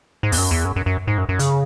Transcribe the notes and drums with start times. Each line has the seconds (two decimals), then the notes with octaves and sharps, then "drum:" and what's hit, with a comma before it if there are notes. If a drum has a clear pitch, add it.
0.23 G#2
0.32 E2, drum: open hi-hat
0.38 F#2
0.51 E2
0.65 F#2
0.76 F#2
0.86 F#2
1.07 G#2
1.18 F#2
1.29 F#2
1.39 C#3, drum: hi-hat